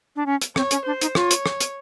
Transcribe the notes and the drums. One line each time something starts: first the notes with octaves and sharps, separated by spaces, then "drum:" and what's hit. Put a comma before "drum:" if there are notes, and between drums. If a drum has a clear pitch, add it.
D4
C#4
drum: hi-hat
C4 C#5, drum: rim click
C#4, drum: hi-hat
D4 C5
D#4, drum: hi-hat
F4 C#5, drum: rim click
drum: hi-hat
drum: rim click
drum: hi-hat